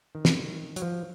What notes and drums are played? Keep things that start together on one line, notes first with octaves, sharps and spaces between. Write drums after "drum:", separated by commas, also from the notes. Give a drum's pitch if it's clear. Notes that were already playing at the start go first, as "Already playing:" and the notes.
D#3
drum: snare
F#3, drum: hi-hat
F3